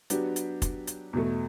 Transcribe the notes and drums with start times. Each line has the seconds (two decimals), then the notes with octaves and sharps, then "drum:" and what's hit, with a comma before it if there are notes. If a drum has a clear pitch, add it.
0.10 F#3 B3 D4 G4, drum: hi-hat
0.36 drum: hi-hat
0.62 drum: kick, hi-hat
0.87 drum: hi-hat
1.13 E2 B2 A3